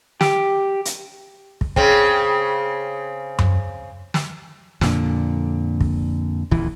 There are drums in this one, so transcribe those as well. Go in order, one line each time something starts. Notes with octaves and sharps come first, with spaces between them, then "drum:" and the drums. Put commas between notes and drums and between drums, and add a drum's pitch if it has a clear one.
G4, drum: snare
drum: hi-hat
drum: kick
C#3 C4, drum: kick
drum: tom F#2
drum: snare
F2 A#2 D3, drum: snare
drum: kick
D#1 E3, drum: kick